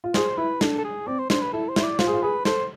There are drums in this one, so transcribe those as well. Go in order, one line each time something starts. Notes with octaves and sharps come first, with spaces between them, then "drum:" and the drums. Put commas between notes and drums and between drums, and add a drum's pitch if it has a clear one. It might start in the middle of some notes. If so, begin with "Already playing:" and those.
F4
G#4 C5, drum: snare
E4 B4
D4 A4, drum: snare
A4
G#4
C4 D5
C5
D4 C5, drum: snare
B4
E4 A4
C5
E4, drum: snare
D5
F4 C5, drum: snare
G#4
F4
G#4 B4
A4 C5, drum: snare